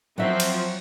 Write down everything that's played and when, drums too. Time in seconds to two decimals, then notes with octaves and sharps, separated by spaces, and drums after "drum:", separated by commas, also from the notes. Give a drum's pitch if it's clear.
0.18 F3 F#3 C4 E5
0.40 drum: cymbal